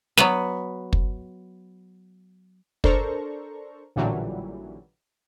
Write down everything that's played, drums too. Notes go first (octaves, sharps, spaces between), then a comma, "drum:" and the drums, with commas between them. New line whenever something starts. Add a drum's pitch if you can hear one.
F#3 B3 B4, drum: snare
drum: kick
D4 A4 A#4 C5 A#5 C#6, drum: kick
A1 A#2 D3 E3 F#3 G3